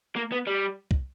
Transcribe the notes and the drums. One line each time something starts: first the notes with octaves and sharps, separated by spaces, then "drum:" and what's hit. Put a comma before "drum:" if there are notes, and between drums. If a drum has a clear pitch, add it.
A#3
B3
G3
drum: kick C2